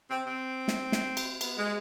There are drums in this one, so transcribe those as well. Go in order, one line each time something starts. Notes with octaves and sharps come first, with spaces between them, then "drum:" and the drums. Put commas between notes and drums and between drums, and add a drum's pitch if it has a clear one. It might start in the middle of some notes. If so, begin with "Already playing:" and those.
C4
C4
drum: snare
drum: snare
drum: cymbal
B3, drum: cymbal
G#3